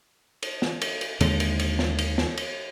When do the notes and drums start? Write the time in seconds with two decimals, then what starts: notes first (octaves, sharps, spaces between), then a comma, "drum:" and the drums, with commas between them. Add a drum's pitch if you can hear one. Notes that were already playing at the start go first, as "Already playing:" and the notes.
0.43 drum: cymbal
0.62 drum: snare
0.82 drum: cymbal
1.01 drum: cymbal
1.21 D#2 D3 G#3, drum: cymbal
1.40 drum: cymbal
1.59 drum: cymbal
1.79 drum: snare
1.98 drum: cymbal
2.18 drum: snare
2.37 drum: cymbal